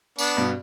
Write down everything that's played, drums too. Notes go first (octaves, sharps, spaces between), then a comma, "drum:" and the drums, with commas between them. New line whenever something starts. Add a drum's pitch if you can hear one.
B3 D4, drum: tambourine
G2 B2